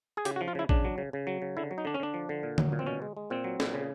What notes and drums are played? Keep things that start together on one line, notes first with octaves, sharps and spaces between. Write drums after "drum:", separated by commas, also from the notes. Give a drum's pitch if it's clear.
G#4
C#3 G4, drum: hi-hat
F#4
F3
F4
C#3 E4
C#3 D4, drum: kick A1
F#3
C#3
C#3
F#3
C#3
D3 E4
F#3
D#4
D3 D4
C#4
D3 D4
F3
D3
A#2
F#3, drum: tom D3
A#2
C4
B2 C#4
G#3
G#3
A#2 C4
F#3
A#2, drum: snare
C#3